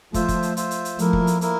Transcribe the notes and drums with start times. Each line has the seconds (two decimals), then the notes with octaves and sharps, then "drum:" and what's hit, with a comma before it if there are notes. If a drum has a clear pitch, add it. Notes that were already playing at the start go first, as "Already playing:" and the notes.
0.14 F3 A3 F4 C5 E5, drum: kick, hi-hat
0.28 drum: kick, hi-hat
0.43 drum: hi-hat
0.57 F4 C5 E5, drum: hi-hat
0.71 drum: hi-hat
0.85 drum: hi-hat
0.99 F3 A3 A#3 E4 A#4, drum: hi-hat
1.13 drum: kick
1.27 drum: hi-hat
1.41 A#3 E4 A#4, drum: hi-hat